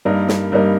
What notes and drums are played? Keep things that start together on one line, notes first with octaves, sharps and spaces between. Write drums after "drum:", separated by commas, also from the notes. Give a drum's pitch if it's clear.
G2 G3 A#3 D#4 A#4
drum: snare
G2 G3 A#3 D#4 A#4